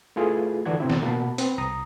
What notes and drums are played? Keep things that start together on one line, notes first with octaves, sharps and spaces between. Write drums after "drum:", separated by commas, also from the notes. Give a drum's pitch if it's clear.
A3 E4 F4 G#4 B4
D3 E3 D4 F#4 G#6
B2 C4 E4
drum: snare
B2 A#3 B3 F#5 A5 B5
C4 B4, drum: hi-hat
C2 A#5 D#6